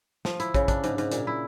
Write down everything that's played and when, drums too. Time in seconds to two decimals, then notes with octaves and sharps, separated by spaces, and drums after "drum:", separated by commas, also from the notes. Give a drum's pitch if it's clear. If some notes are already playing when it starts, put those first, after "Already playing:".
0.25 F3, drum: snare
0.40 E4, drum: hi-hat
0.54 C#3, drum: kick, hi-hat
0.68 D4, drum: kick, hi-hat
0.84 G#2, drum: hi-hat
0.98 G#2, drum: hi-hat
1.12 A#2, drum: hi-hat
1.27 E4